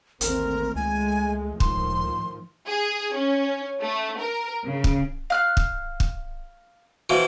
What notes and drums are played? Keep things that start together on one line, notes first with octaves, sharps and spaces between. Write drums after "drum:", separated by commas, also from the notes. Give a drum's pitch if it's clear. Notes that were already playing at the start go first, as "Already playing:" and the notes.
A1 D#2 A3 C4 A#4, drum: hi-hat
C#2 G#3 A3 G#5
C#2 A2 D#3 F3 C6, drum: kick
G#4
C#4
A3
A#4
C#3
drum: kick
F5 F6 F#6
drum: kick
drum: kick
B2 E3 F3